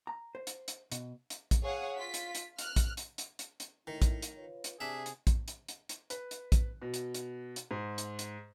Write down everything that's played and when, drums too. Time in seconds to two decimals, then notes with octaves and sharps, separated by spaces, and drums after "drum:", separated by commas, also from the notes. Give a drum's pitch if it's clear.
0.07 A#5
0.35 C5
0.47 drum: hi-hat
0.68 drum: hi-hat
0.92 B2, drum: hi-hat
1.30 drum: hi-hat
1.51 drum: kick A#1, hi-hat
1.64 G#4 C#5 F5 F#5 D#6
1.97 F4 B6
2.14 drum: hi-hat
2.35 drum: hi-hat
2.59 F6 F#6, drum: hi-hat
2.76 drum: kick A#1, hi-hat
2.97 drum: hi-hat
3.18 drum: hi-hat
3.39 drum: hi-hat
3.60 drum: hi-hat
3.87 A2 D#3 E4
4.02 drum: kick A#1, hi-hat
4.22 drum: hi-hat
4.37 F4 B4 C#5
4.64 drum: hi-hat
4.80 C3 D4 G#4 E5
5.06 drum: hi-hat
5.27 drum: kick A#1, hi-hat
5.48 drum: hi-hat
5.68 drum: hi-hat
5.89 drum: hi-hat
6.10 B4, drum: hi-hat
6.31 drum: hi-hat
6.52 drum: kick A#1, hi-hat
6.82 B2
6.94 drum: hi-hat
7.15 drum: hi-hat
7.56 drum: hi-hat
7.71 G#2
7.98 drum: hi-hat
8.19 drum: hi-hat